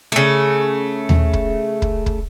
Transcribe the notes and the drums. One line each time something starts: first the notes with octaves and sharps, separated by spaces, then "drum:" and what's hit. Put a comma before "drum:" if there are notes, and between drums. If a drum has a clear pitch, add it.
C#3 A3
drum: tom D#2
drum: kick
drum: kick
drum: kick